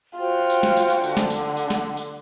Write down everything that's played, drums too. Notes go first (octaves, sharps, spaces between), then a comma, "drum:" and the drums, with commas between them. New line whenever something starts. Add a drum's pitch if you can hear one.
F4 F#4 C5 G5
drum: tambourine
drum: snare
drum: tambourine
drum: tambourine
D3, drum: tambourine
drum: snare
drum: tambourine
F#5
drum: tambourine
drum: snare
drum: tambourine